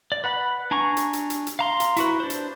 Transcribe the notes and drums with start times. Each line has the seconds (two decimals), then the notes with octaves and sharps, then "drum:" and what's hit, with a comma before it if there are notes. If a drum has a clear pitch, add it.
0.12 D5
0.24 B4 F#5 B5
0.71 D4 G#5 A#5 C#6
0.97 drum: hi-hat
1.13 drum: hi-hat
1.30 drum: hi-hat
1.47 drum: hi-hat
1.59 F5 A#5 C6
1.80 drum: hi-hat
1.97 E4 F#4 B4, drum: hi-hat
2.20 D4 C5
2.30 drum: hi-hat